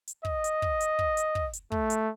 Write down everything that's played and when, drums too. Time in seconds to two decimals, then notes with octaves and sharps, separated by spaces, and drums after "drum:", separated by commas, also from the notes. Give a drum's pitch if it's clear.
0.08 drum: hi-hat
0.25 D#5, drum: kick
0.44 drum: hi-hat
0.62 drum: kick
0.80 drum: hi-hat
0.99 drum: kick
1.17 drum: hi-hat
1.35 drum: kick
1.53 drum: hi-hat
1.72 A3, drum: kick
1.90 drum: hi-hat